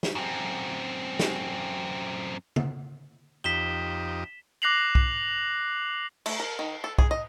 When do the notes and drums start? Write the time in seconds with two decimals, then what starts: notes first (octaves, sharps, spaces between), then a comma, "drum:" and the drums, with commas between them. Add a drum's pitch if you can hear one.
0.03 drum: snare
0.15 F#2 C4
1.19 drum: snare
2.56 drum: tom C#3
3.44 F2 D#4 G4 B6 E7 G7
4.62 D6 F#6 A#6 C7 F7 F#7
4.95 drum: kick B1
6.26 A3, drum: cymbal
6.40 A#4
6.59 D#3
6.84 A4
6.98 G#4, drum: kick B1
7.11 D#5